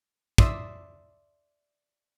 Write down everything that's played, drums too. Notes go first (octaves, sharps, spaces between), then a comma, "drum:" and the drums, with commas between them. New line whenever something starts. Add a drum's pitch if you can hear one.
D5 E5 C6 D#6 E6, drum: kick